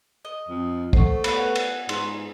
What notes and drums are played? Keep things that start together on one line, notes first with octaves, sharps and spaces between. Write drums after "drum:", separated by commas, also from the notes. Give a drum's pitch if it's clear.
D#5
F2
A3 C5 F#5 C#6, drum: kick
B3 B4 C#5 F#5, drum: cymbal
drum: cymbal
G#2 C6, drum: cymbal